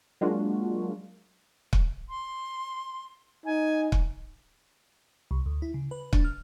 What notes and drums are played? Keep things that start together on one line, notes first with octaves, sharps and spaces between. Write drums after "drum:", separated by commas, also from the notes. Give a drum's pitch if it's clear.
F#3 G#3 A#3 D4 F4 F#4
drum: kick
C6
D#4 G#5
drum: kick
C2
D2
E4
C#3
B4
D4, drum: kick
F6